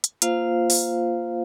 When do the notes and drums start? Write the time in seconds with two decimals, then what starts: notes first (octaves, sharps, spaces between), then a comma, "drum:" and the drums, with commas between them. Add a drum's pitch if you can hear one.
0.04 drum: hi-hat
0.22 A#3 F4 C5 F5, drum: hi-hat
0.70 drum: open hi-hat